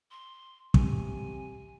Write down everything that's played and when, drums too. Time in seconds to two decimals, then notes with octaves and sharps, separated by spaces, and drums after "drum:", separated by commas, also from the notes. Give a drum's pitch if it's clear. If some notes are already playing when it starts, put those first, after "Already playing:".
0.11 C6
0.74 C3 G#5, drum: kick